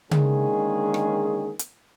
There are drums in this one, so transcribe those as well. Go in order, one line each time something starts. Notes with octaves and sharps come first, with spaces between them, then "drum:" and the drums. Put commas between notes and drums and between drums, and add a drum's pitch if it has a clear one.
D3 D#3 G#3 A#3 C#4 G#4, drum: tom C#3
drum: rim click
drum: hi-hat